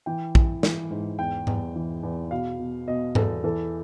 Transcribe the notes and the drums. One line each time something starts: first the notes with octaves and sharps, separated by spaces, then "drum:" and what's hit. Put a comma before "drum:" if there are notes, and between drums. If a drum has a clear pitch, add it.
E3 G5
E3, drum: kick
E3, drum: snare
G#2
E2 G5
E2, drum: tom G#2
E3
E2
B2 F5
B2
B2 D#5
E2 A4, drum: tom G#2
E3 A4